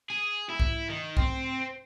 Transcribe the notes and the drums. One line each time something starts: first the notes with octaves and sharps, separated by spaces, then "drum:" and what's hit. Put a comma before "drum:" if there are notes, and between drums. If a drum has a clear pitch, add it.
G#4
E4
drum: kick
D#3
C4, drum: kick